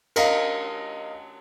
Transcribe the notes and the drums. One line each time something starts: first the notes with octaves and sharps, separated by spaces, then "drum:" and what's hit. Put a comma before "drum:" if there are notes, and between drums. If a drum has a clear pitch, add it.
A#4 D#5 F5, drum: cymbal